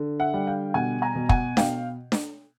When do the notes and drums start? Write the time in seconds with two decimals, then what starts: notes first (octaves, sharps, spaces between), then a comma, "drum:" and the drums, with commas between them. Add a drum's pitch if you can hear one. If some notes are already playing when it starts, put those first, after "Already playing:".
Already playing: D3
0.20 E5 F#5
0.34 G3
0.47 F5 G5
0.74 B2 F#5 G#5
1.02 G#5 A#5
1.15 B2
1.29 F#5 G#5, drum: kick
1.57 B2 F5 G5, drum: snare D4
2.12 drum: snare D4